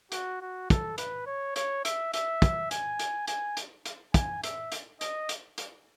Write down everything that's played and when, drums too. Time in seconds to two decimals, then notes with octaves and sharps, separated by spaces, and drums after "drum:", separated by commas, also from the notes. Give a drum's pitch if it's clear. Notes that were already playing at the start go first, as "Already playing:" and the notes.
0.12 F#4, drum: hi-hat
0.41 F#4
0.70 A4, drum: kick, hi-hat
0.98 B4, drum: hi-hat
1.27 C#5
1.56 C#5, drum: hi-hat
1.85 E5, drum: hi-hat
2.14 E5, drum: hi-hat
2.42 drum: kick, hi-hat
2.71 G#5, drum: hi-hat
2.99 drum: hi-hat
3.28 G#5, drum: hi-hat
3.57 drum: hi-hat
3.86 drum: hi-hat
4.14 G#5, drum: kick, hi-hat
4.44 E5, drum: hi-hat
4.72 drum: hi-hat
5.01 D#5, drum: hi-hat
5.29 drum: hi-hat
5.58 drum: hi-hat